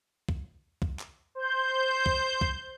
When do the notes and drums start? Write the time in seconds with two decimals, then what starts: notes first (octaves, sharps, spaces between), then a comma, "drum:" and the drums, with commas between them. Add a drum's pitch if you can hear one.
0.29 drum: kick C2
0.82 drum: kick C2
0.99 drum: clap
1.35 C5 G6
2.06 drum: kick C2
2.41 drum: kick C2